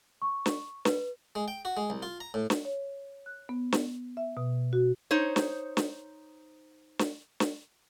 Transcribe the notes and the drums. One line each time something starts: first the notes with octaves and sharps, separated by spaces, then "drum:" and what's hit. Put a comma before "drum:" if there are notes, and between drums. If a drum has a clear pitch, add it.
C#6
drum: snare
B4, drum: snare
G#3
G5
F#4
G#3
C2
F4
A#5
A2
drum: snare
C#5
F#6
B3
drum: snare
E5
B2
F#4
D#4 C5 C#5
drum: snare
drum: snare
drum: snare
drum: snare